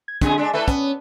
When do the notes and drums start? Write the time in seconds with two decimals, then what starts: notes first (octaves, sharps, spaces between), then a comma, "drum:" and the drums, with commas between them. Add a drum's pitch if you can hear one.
0.08 G#6
0.21 F2 D3 G#3 G#4, drum: kick, hi-hat
0.38 G#3 D4
0.53 A3 E4 A4 B4
0.68 B3 C#4, drum: kick, hi-hat